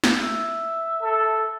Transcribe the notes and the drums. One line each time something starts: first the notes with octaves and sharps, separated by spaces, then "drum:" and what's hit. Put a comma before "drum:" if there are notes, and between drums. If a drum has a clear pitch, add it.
drum: snare
E5
A4